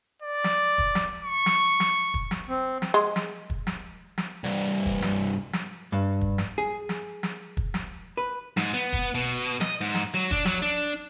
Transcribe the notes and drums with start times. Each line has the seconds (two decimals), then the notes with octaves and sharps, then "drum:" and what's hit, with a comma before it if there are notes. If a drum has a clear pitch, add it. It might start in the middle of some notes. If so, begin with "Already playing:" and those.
0.22 D5
0.44 drum: snare
0.78 drum: kick
0.95 drum: snare
1.22 C#6
1.46 drum: snare
1.80 drum: snare
2.14 drum: kick
2.31 drum: snare
2.49 C4
2.82 drum: snare
2.94 G#3
3.16 drum: snare
3.50 drum: kick
3.67 drum: snare
4.18 drum: snare
4.44 C2 G2
4.85 drum: kick
5.02 drum: snare
5.53 drum: snare
5.92 G2
6.21 drum: kick
6.38 drum: snare
6.58 G#4
6.89 drum: snare
7.23 drum: snare
7.57 drum: kick
7.74 drum: snare
8.17 B4
8.57 G#2, drum: snare
8.74 B3
8.93 drum: kick
9.15 B2
9.61 D#5, drum: snare
9.81 G#2
9.95 drum: snare
10.14 F#3
10.31 D4, drum: kick
10.45 F#3, drum: snare
10.62 D4